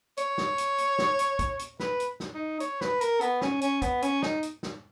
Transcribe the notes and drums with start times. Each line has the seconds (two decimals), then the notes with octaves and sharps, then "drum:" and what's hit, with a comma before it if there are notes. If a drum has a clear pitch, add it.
0.17 C#5, drum: hi-hat
0.38 drum: snare
0.58 drum: hi-hat
0.78 drum: hi-hat
0.99 drum: snare
1.19 drum: hi-hat
1.39 drum: kick, hi-hat
1.59 drum: hi-hat
1.80 B4, drum: snare
2.00 drum: hi-hat
2.20 drum: snare
2.34 D#4
2.60 C#5, drum: hi-hat
2.81 B4, drum: snare
3.01 A#4, drum: hi-hat
3.21 B3, drum: hi-hat
3.41 C#4, drum: snare
3.61 C#4, drum: hi-hat
3.82 B3, drum: kick, hi-hat
4.02 C#4, drum: hi-hat
4.23 D#4, drum: snare
4.43 drum: hi-hat
4.63 drum: snare